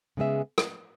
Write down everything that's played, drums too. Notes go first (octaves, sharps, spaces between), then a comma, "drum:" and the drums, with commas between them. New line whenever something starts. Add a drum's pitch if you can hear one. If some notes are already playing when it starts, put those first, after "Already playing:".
C#3 G#3 B3 G#4 E5
drum: rim click